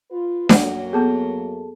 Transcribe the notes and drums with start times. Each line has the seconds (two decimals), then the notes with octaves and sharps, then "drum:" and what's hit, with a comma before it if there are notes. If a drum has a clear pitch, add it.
0.11 F4 B4
0.49 F#2 F#3 A#3 D5 F#5, drum: snare D4
0.93 B3 C4 G#4 A4 A5